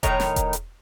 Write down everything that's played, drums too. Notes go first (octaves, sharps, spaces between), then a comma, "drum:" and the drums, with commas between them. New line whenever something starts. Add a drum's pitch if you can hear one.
A2 D#3 C#5 A#5, drum: kick E1, hi-hat
drum: snare
drum: kick E1, hi-hat
drum: hi-hat